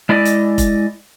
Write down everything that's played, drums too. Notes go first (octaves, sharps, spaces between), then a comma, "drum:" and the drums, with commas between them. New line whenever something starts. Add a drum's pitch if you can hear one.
G#3 E4 D5 D#5
drum: hi-hat
drum: kick F1, hi-hat